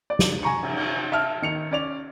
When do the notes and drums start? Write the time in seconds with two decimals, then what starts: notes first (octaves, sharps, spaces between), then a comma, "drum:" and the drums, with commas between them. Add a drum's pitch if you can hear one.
0.10 D5
0.19 drum: snare
0.43 G#5 A#5 C#6
0.63 drum: cymbal
0.76 drum: cymbal
1.12 E5 A5 F6
1.42 D#3 C#7 F7
1.71 C#4 D5 F7